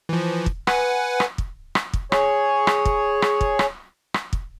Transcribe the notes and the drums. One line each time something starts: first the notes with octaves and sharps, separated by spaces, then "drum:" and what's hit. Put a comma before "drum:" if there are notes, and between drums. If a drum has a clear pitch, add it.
E3 F3
drum: kick
B4 F#5 G#5, drum: rim click
drum: rim click
drum: kick
drum: rim click
drum: kick
G#4 C#5, drum: rim click
drum: rim click
drum: kick
drum: rim click
drum: kick
drum: rim click
drum: rim click
drum: kick